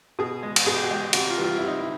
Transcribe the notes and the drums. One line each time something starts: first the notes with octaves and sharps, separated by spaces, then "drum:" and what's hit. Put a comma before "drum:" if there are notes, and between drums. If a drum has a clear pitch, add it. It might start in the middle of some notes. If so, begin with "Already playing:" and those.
B2 G#4
G#3
drum: cymbal
B2 G#4
G4
F#4
G#3 G4
C3 F#4, drum: cymbal
F4
E3 G3
F4
C3 E4
D#4
E4